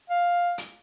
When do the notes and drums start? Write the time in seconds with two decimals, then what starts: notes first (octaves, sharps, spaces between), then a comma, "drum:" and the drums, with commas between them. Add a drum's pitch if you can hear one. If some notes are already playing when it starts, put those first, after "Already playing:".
0.10 F5
0.58 drum: hi-hat